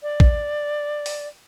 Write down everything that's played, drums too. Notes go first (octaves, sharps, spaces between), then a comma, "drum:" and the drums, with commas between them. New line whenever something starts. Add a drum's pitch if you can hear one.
D5
drum: kick
drum: open hi-hat